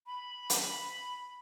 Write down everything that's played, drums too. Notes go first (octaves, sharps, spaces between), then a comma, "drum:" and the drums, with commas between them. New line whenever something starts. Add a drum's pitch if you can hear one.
B5
drum: hi-hat